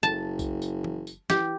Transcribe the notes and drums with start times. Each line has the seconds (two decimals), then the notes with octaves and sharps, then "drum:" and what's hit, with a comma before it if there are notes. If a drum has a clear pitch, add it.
0.03 F#1 A5
0.39 drum: kick B1, tambourine
0.62 drum: tambourine
0.84 drum: tom
1.07 drum: tambourine
1.30 E3 G4, drum: snare